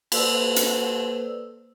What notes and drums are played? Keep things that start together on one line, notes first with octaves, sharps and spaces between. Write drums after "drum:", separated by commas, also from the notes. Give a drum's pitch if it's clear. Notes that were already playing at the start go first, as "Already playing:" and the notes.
A#3 A4 B4 C5 D5 E6, drum: cymbal
drum: hi-hat